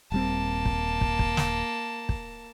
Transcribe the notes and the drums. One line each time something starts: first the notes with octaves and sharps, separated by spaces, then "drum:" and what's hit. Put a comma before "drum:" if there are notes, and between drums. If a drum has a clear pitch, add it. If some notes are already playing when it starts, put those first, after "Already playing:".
D#1 G3 A#3 C4 A5
drum: kick
drum: kick
drum: kick
drum: snare
drum: kick